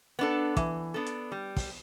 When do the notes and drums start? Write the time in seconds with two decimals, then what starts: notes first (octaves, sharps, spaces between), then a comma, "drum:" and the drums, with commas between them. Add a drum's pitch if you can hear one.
0.19 B3 D4 A4
0.57 E3, drum: kick, hi-hat
0.94 B3 D4 A4
1.06 drum: hi-hat
1.32 G3
1.56 drum: kick, open hi-hat